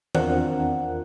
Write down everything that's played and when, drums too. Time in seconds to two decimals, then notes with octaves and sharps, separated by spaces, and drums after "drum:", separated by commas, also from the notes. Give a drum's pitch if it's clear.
0.15 E2 C4 D4 F4 A#4 F#5, drum: tom D#3